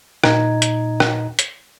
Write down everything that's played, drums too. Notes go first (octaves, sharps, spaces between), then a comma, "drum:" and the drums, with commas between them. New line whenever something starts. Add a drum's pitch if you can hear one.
A#2 D#4 D#5 A#5 G#6, drum: rim click
drum: hi-hat
drum: rim click
drum: hi-hat